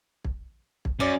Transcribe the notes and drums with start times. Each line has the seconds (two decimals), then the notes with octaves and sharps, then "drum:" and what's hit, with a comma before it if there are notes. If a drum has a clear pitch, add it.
0.24 drum: kick
0.85 drum: kick
1.00 F#2 C#4 D5